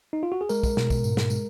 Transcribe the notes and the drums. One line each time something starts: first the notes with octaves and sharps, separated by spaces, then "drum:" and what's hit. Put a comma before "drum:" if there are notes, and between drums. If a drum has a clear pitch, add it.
D#4
F4
F#4
G#4
G#3 A#4, drum: tambourine
drum: kick, tambourine
B2, drum: snare
drum: kick, tambourine
G#2, drum: tambourine
drum: snare
G#3, drum: tambourine